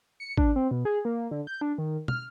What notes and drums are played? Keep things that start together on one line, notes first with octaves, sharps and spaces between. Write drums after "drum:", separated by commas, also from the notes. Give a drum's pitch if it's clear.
C#7
D4, drum: kick G#1
C4
B2
G#4
A#3
D3
G6
D4
D#3
F6, drum: tom